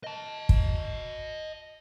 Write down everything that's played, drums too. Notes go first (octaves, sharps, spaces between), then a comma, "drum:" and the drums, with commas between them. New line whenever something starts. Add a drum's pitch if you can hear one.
D#5 A5
drum: kick